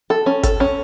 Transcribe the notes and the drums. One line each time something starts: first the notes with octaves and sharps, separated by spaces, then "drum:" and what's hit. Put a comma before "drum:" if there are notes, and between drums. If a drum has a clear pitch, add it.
A4
C#4
A4, drum: kick G1, hi-hat
C#4